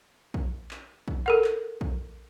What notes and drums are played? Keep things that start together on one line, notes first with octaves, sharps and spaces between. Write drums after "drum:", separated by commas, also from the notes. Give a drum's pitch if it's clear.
drum: kick
drum: clap
drum: kick
A4 A#4 F#5
drum: clap
drum: kick